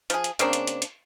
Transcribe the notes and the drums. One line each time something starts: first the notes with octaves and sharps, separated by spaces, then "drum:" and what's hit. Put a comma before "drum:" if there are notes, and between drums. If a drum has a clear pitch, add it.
F3 G#4, drum: hi-hat
drum: hi-hat
C#3 A#3 C4 D4, drum: hi-hat
drum: hi-hat
drum: hi-hat
drum: hi-hat